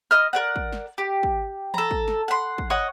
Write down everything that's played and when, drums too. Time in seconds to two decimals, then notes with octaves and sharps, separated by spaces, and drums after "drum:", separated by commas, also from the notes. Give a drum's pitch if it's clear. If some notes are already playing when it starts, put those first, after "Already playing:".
0.11 D#5 D#6 F6
0.33 A#4 D5 F#5
0.56 drum: kick
0.72 drum: snare
0.98 G4
1.23 drum: kick
1.74 A4 A#5, drum: tom E3
1.91 drum: kick
2.08 drum: snare
2.28 F#5 C6
2.58 drum: kick
2.70 C#5 D#5 F#5